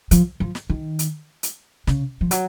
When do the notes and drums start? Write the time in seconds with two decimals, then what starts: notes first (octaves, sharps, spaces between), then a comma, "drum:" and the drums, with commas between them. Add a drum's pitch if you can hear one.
0.11 F3, drum: hi-hat
0.40 F3
0.55 drum: snare
0.70 D#3
0.99 drum: hi-hat
1.43 drum: hi-hat
1.87 C#3, drum: snare
2.21 F3
2.31 F#3, drum: hi-hat